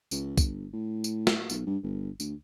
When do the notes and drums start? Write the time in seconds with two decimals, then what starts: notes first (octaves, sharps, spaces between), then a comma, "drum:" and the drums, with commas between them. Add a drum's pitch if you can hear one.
0.11 C#2, drum: tambourine
0.38 G1, drum: kick, tambourine
0.73 A2
1.04 drum: tambourine
1.27 drum: snare
1.50 B1, drum: tambourine
1.67 G2
1.83 G1
2.20 D2, drum: tambourine